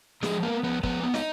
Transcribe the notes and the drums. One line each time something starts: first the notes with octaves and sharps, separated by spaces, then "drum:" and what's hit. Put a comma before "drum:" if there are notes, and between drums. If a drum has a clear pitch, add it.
F3 G#3 G#4, drum: snare
A#3 B3 A#4
F3 B3 B4
F3 B3 B4, drum: kick
B3
D#4 D#5, drum: snare